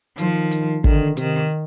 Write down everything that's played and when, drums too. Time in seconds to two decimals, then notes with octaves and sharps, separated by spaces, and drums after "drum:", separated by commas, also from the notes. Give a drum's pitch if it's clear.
0.18 D#3 F3, drum: hi-hat
0.51 drum: hi-hat
0.84 D3 D#3, drum: kick
1.17 C3 D#3, drum: hi-hat